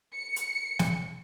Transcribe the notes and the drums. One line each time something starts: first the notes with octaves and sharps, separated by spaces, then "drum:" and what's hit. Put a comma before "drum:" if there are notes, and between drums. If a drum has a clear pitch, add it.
C#7
drum: hi-hat
drum: snare